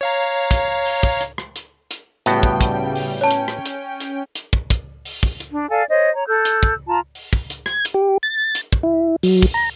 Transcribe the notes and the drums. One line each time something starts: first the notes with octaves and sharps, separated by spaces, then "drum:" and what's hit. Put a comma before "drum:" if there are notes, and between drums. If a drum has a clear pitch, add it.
C#5 F5 A#5
drum: kick, hi-hat
drum: open hi-hat
drum: kick
drum: hi-hat
drum: rim click
drum: hi-hat
drum: hi-hat
A2 C#3 G3 B3 F#4 G5, drum: hi-hat
drum: kick
drum: kick, hi-hat
drum: open hi-hat
C#4 C#5 G5 A5
drum: hi-hat
drum: rim click
drum: hi-hat
drum: hi-hat
drum: hi-hat
drum: kick
drum: kick, hi-hat
drum: open hi-hat
drum: kick
drum: hi-hat
D4
A4 D5 F5 G#5
C5 C#5 D#5
C#5 A#5
A4 E6 F#6 G6
drum: hi-hat
drum: kick
F4 A5 A#5
drum: open hi-hat
drum: kick
drum: hi-hat
G#6, drum: rim click
drum: hi-hat
G4
A6
drum: hi-hat
drum: kick
E4
F#3, drum: open hi-hat
drum: kick
A#5